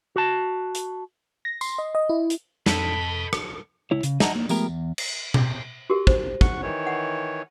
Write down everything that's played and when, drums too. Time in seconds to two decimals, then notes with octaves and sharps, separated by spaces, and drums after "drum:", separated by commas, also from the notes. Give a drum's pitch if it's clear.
0.16 F#4 A5
0.75 drum: hi-hat
1.45 A#6
1.61 C6, drum: tambourine
1.78 D#5
1.95 D#5
2.09 E4
2.30 drum: hi-hat
2.66 F2 A4 B4 D#5 B5, drum: snare
3.33 drum: rim click
3.91 C#2 E4 C#5
4.03 C#3, drum: hi-hat
4.20 D#5 E5 F#5 A5 A#5, drum: snare
4.35 A#3
4.49 F3 G#3 A3 B3 G4 A#4, drum: tambourine
4.68 E2
4.98 drum: cymbal
5.34 drum: tom B2
5.90 F#4 G4 A#4
6.07 C5, drum: kick
6.41 F#5 C#6, drum: kick
6.62 D#3 E3 C#5
6.87 F#5